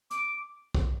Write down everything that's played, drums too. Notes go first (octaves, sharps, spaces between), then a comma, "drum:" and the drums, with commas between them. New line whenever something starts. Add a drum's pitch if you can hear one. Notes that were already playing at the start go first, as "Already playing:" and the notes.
D6, drum: hi-hat
drum: kick